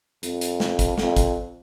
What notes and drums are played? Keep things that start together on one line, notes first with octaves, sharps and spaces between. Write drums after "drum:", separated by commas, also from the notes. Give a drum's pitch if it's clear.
F2, drum: hi-hat
drum: hi-hat
drum: snare
drum: kick, hi-hat
F2, drum: snare
drum: kick, hi-hat